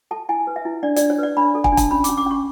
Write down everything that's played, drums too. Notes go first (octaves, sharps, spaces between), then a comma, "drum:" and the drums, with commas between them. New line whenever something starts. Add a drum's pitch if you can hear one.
A4 A5
E4 G#5
B4
E5
E4
D4 D5
D4 D5, drum: hi-hat
C#5
B4 D5
D4 B5
A4
G#5, drum: kick
D4
A5, drum: kick, hi-hat
C#4 B5
D6, drum: hi-hat
C#4
D6
C#4 C#6